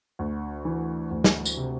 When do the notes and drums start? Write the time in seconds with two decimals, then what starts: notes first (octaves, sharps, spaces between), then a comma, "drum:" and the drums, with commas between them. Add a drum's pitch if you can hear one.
0.19 D2
0.65 E3
1.11 D2
1.24 drum: snare
1.46 drum: tambourine
1.57 C3